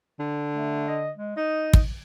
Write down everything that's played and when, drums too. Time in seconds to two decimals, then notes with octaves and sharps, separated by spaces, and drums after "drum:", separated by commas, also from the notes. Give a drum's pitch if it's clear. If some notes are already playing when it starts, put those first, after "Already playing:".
0.19 D3
0.54 A3
0.88 D#5
1.17 G#3
1.37 D#4 D#5
1.73 drum: kick